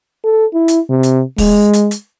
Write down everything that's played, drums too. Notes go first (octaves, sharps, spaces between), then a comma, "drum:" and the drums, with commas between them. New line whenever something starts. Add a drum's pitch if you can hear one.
A4
E4
drum: hi-hat
C3
drum: hi-hat
G#3, drum: kick, open hi-hat
drum: hi-hat
drum: hi-hat